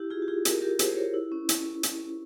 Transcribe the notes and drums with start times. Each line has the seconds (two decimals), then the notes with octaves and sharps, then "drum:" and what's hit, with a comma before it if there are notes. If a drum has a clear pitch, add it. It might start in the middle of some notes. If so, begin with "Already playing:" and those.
Already playing: E4 G4
0.10 F4 G#4
0.22 G4
0.28 F4 G#4
0.45 G4 A#4, drum: hi-hat
0.62 G4 A#4
0.79 G#4 C5, drum: hi-hat
0.96 A#4 C#5
1.14 E4
1.32 C#4
1.49 drum: hi-hat
1.83 drum: hi-hat